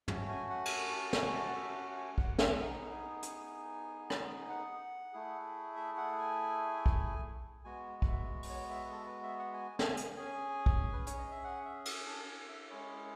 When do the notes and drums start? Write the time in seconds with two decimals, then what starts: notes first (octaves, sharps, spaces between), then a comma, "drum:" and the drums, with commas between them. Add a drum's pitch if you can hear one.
0.08 A3 C#4 F#4, drum: tom
0.28 G#5
0.50 F#5
0.65 G#5, drum: cymbal
0.71 F#5
0.91 A5
1.13 G#5, drum: snare
1.28 G#5
1.34 A5
1.48 F#5
1.55 E5
1.76 F#5
1.91 F#5
1.97 G#5
2.18 F#5, drum: kick
2.38 F#5, drum: snare
2.60 B3 D#4 G#4 F#5
2.91 G#5
3.22 G#5, drum: hi-hat
4.10 drum: rim click
4.42 G#5
4.49 F#5
5.13 A3 E4 G#4
5.76 E5
5.97 F#5
6.18 G#5
6.86 drum: kick
7.65 G#3 B3 F#4 G#5
8.02 F#5, drum: kick
8.08 E5
8.43 B4, drum: open hi-hat
8.49 C#5
8.70 E5
8.85 B4
8.91 A4
9.06 B4
9.23 E5
9.39 F#5
9.54 G#5
9.79 A5, drum: snare
9.86 G#5
9.97 drum: hi-hat
10.17 C#4 G#4 G#5
10.66 drum: kick
10.93 B4
11.07 C#5, drum: hi-hat
11.18 D#5
11.31 E5
11.44 F#5
11.65 E5
11.85 G#5, drum: cymbal
12.06 A5
12.27 G#5
12.48 E5
12.70 G#3 C#4 E4 G#4 C#5